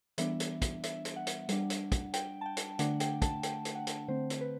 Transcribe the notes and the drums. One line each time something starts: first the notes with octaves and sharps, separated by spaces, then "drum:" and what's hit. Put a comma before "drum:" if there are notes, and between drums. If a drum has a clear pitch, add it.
E3 G3 B3 D4 E5, drum: hi-hat
drum: hi-hat
drum: kick, hi-hat
E5, drum: hi-hat
drum: hi-hat
F#5
drum: hi-hat
G3 D4, drum: hi-hat
drum: hi-hat
drum: kick, hi-hat
G5, drum: hi-hat
A5
G5
drum: hi-hat
D3 A3 D4 F#5, drum: hi-hat
G5, drum: hi-hat
A5, drum: kick, hi-hat
G5, drum: hi-hat
drum: hi-hat
F#5
drum: hi-hat
D3 A3 C4 C5
drum: hi-hat
B4